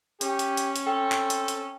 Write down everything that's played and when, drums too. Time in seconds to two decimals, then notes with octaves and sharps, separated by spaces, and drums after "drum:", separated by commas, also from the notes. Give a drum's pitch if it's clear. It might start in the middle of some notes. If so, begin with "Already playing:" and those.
0.21 C#4 G4, drum: hi-hat
0.39 drum: hi-hat
0.57 drum: hi-hat
0.76 drum: hi-hat
0.86 C4 A4 G5
1.12 drum: clap
1.30 drum: hi-hat
1.48 drum: hi-hat